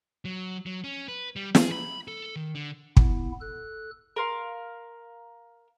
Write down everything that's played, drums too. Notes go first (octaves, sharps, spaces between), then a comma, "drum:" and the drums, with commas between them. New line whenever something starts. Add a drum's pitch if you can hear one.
F#3
F#3
C#4
B4
G3
G#4, drum: snare
B5
A4
D#3
D3
B3 E4, drum: kick
A4 F#6
A#4 F5 C6